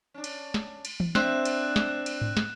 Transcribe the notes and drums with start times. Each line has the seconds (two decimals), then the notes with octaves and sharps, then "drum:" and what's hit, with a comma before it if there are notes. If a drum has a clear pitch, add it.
0.14 C#4 D4
0.24 drum: cymbal
0.54 drum: snare
0.85 drum: cymbal
1.00 drum: tom E3
1.15 C4 D4 C5 E5 F#6 E7, drum: snare
1.45 drum: cymbal
1.76 drum: snare
2.06 drum: cymbal
2.21 drum: tom G#2
2.37 drum: snare